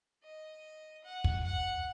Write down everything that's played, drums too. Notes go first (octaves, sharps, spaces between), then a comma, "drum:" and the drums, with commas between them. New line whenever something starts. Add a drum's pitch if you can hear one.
D#5
F#5
drum: kick
F#5